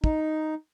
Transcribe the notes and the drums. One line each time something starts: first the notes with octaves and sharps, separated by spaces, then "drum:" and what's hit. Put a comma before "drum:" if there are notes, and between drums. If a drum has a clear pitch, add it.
D#4, drum: kick